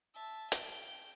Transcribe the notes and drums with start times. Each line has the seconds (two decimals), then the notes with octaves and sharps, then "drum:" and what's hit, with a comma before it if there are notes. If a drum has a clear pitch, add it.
0.14 E5 A5
0.52 G5, drum: hi-hat